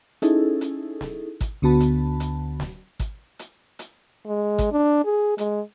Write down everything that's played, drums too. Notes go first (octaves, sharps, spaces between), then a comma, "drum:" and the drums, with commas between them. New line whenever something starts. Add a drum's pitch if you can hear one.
C#4 D#4 E4 G#4 A4, drum: hi-hat
drum: hi-hat
drum: snare
drum: kick, hi-hat
D2 D3 B3 F#4 A5 B5
drum: hi-hat
drum: hi-hat
drum: snare
drum: kick, hi-hat
drum: hi-hat
drum: hi-hat
G#3
drum: kick, hi-hat
D4
G#4
G#3, drum: hi-hat